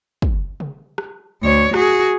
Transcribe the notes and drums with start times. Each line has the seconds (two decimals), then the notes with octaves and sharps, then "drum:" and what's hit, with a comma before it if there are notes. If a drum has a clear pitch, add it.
0.22 drum: kick
0.60 drum: tom C3
0.98 drum: rim click
1.43 D2 C#5
1.74 F#4 G#4, drum: rim click